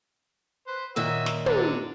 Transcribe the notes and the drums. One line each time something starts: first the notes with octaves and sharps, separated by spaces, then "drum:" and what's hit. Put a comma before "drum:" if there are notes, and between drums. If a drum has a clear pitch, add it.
B4 C5
F#2 A#2 D#3 F#4 E5 E6
drum: snare
D3 F#3 D4, drum: tom